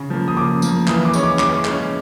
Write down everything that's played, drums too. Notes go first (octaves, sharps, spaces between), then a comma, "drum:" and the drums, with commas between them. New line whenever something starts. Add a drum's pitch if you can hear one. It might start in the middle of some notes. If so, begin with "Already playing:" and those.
Already playing: C#3
F3 A#3
D#6
C#3 D6
F3 A#3, drum: tambourine
E3 D#6, drum: clap
D6
G#3 C#4, drum: tambourine
D6
E3 D6, drum: clap
G#3 C#4, drum: clap